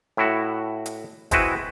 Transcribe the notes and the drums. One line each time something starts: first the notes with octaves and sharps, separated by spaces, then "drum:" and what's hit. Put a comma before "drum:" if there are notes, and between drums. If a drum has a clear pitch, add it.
A2 E4 F#4
drum: hi-hat
G#3 C4 E4 F#4 B4, drum: kick, hi-hat